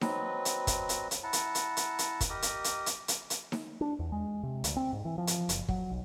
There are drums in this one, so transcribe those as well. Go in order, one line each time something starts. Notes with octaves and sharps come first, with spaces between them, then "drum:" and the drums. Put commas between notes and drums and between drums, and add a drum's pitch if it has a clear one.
F#3 C4 B4 D#5, drum: snare D#4
drum: hi-hat
drum: kick, hi-hat
drum: hi-hat
drum: hi-hat
E4 F#5 A5 A#5
drum: hi-hat
drum: hi-hat
drum: hi-hat
drum: hi-hat
drum: kick, hi-hat
G4 A#4 D#5 D#6
drum: hi-hat
drum: hi-hat
drum: hi-hat
drum: hi-hat
drum: hi-hat
drum: snare D#4
D4
E2
G#3
C3
D2, drum: hi-hat
C4
G#2
E3
F3
drum: hi-hat
F#1, drum: hi-hat
F#3, drum: kick
B1